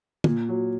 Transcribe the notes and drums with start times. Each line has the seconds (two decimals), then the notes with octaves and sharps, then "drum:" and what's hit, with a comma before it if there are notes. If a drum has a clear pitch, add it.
0.24 A#2, drum: tom
0.49 F#3